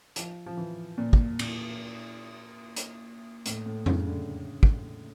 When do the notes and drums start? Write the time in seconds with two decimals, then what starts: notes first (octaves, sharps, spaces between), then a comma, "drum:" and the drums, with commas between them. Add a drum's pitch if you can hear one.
0.16 F3, drum: hi-hat
0.46 F3
0.57 E3
0.98 A#2
1.13 drum: kick
1.39 A#2, drum: cymbal
2.76 drum: hi-hat
3.46 A2, drum: hi-hat
3.66 A2
3.86 C#3, drum: tom F2
4.08 D3
4.63 drum: kick